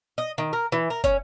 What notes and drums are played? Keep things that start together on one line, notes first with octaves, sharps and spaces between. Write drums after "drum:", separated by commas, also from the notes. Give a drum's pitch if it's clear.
D#5
D#3
A#4
E3
A#4
C#4, drum: kick, hi-hat